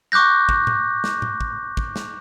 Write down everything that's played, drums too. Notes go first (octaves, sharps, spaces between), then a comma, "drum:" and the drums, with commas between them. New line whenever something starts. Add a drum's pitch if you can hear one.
C#6 D6 F#6 G6 A#6
drum: kick
drum: tom A2
drum: snare
drum: tom A2
drum: kick
drum: kick
drum: snare